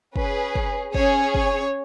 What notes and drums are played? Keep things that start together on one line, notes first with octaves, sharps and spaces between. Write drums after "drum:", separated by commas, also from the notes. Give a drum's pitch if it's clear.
C#4 G#4 B4, drum: kick
drum: kick
C#4 G#4 C#5, drum: kick
C#5, drum: kick